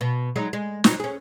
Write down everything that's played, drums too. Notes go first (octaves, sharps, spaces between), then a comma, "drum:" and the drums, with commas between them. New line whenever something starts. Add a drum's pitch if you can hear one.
B2
F#3 G#3 D#4
G#3
F#3 C4 D#4, drum: snare
C#4 G#4